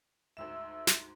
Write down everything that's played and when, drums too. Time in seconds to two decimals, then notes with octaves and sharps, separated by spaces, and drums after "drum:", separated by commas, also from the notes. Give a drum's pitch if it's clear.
0.37 D2 G#2 E5 E6 E7
0.87 drum: snare